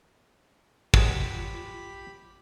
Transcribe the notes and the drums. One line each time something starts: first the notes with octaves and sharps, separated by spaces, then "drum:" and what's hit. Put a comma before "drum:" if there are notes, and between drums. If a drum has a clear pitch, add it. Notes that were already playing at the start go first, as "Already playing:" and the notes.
F#3 G#3 F4 G4 B5, drum: kick